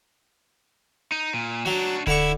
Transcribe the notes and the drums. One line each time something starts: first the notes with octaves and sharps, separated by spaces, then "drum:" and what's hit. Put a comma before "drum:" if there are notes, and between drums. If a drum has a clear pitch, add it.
D#4
A#2
F#3 D4 F#4
D3 E4 C#6, drum: kick D1